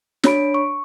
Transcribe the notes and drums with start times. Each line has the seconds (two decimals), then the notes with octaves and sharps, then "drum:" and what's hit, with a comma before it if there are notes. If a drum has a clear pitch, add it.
0.24 D4 C#5 B5 D7, drum: snare
0.54 C#6